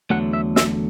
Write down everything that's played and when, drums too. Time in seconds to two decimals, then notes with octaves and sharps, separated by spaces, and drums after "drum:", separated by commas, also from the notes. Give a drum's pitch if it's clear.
0.10 E2 D3 F#3 A3 F#5
0.33 E5
0.56 E5, drum: snare